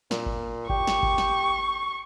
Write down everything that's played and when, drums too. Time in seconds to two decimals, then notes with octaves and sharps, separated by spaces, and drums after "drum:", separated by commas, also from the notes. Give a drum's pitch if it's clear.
0.11 A#2, drum: snare
0.26 drum: kick G#1
0.69 G4 C#6, drum: kick G#1
0.87 drum: snare
1.03 drum: kick G#1
1.18 drum: snare